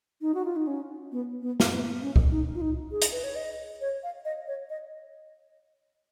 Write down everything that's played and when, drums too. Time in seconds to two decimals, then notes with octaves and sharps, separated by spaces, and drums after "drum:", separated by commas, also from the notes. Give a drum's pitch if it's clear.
0.21 D#4
0.34 F#4
0.45 F4
0.56 D#4
0.67 C#4
1.12 B3
1.42 B3
1.60 drum: snare
1.72 B3
2.02 C#4
2.16 drum: kick C2
2.31 D#4
2.55 F4
2.61 D#4
2.92 G#4
3.02 drum: hi-hat
3.12 B4
3.24 C#5
3.36 D#5
3.81 C#5
4.03 F5
4.25 D#5
4.48 C#5
4.70 D#5